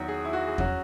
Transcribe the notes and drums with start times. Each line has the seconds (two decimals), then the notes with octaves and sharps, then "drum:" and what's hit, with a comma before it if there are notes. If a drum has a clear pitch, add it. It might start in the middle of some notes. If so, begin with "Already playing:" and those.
Already playing: E2 D#3 F#3 F#4
0.08 G#4
0.25 E4
0.33 F#4
0.48 G#4
0.58 F#3 C#4 F#4, drum: kick E2